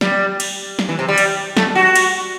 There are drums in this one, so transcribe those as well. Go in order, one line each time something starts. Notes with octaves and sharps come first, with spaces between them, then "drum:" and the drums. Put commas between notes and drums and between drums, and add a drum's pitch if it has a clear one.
G3, drum: snare
drum: cymbal
drum: snare
E3
C3
G3
drum: cymbal
A3, drum: snare
F#4
drum: cymbal